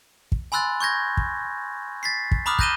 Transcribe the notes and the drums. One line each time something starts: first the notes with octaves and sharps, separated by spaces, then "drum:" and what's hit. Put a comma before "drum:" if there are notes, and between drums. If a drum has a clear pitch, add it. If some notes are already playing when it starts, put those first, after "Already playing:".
drum: kick
G#5 B5 C6 E6 F#6 A6
C#6 G6 G#6 A#6
drum: kick
A6 B6 C7
drum: kick
A#5 B5 D6 D#6 F6 F#6
F#6 G6 A#6 D#7 E7 G7, drum: kick